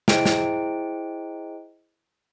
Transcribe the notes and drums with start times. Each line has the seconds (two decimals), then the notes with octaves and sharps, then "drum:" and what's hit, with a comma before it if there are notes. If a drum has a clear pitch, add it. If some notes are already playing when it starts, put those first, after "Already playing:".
0.08 E4 G#4 C5 D#5 G5 D7, drum: snare
0.25 drum: snare